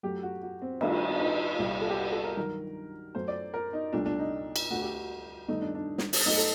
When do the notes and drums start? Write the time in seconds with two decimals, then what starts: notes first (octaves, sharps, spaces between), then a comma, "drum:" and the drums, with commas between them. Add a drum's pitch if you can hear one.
0.03 F#2 F#3 A3 G4
0.23 F#4
0.42 F#4
0.62 C4
0.81 G2 D#3 A3 D4, drum: cymbal
1.10 D4
1.20 D#4
1.59 C2 A#2 G3
1.81 A4
1.89 G4
1.98 F#4
2.12 A4
2.24 A#4
2.37 G2 D#3 F#3 A#4
3.15 F#2 F#3 A3 C5
3.28 D5
3.54 A#4
3.73 D#4
3.93 C2 A#2 A3 D4
4.06 D4
4.19 D#4
4.56 drum: cymbal
4.70 D2 D3 A3 F#4
4.82 G4
4.94 F#4
5.48 G2 D#3 A3 D#4
5.62 D4
5.75 D4
5.98 drum: snare
6.13 drum: open hi-hat
6.26 F#2 F#3 A3 D#4
6.37 A4